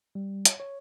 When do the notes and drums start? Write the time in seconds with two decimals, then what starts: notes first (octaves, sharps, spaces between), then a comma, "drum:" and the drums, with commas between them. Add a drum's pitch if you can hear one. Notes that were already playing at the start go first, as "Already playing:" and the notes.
0.15 G3
0.45 C#5, drum: hi-hat
0.60 C#5